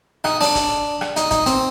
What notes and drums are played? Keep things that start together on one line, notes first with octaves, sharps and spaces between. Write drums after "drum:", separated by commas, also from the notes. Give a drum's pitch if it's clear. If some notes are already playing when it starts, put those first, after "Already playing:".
D#4, drum: rim click
D4, drum: open hi-hat
drum: kick, hi-hat
drum: rim click
D#4, drum: hi-hat
D#4, drum: kick, hi-hat
C4, drum: hi-hat